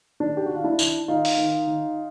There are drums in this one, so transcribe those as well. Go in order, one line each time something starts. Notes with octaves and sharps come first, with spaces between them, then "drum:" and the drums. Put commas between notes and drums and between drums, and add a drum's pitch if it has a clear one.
D#3 D4
G4
D#3 F#4
F4
D4 E4
D#3, drum: tambourine
D#3 D#4 F4
drum: open hi-hat
D#3
D#3